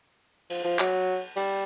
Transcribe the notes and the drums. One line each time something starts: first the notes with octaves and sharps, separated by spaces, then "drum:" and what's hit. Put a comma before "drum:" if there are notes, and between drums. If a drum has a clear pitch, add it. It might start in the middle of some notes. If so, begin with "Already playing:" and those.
F3, drum: cymbal
F3
F#3, drum: clap
G3, drum: cymbal